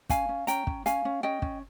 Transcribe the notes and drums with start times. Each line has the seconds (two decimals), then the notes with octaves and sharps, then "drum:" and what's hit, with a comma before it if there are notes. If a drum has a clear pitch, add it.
0.09 C#4 F5 G#5, drum: kick, hi-hat
0.29 C#4
0.47 C#4 G5 A#5, drum: hi-hat
0.67 C#4, drum: kick
0.86 C#4 F5 G#5, drum: hi-hat
1.05 C#4
1.23 C#4 D#5 G5
1.42 C#4, drum: kick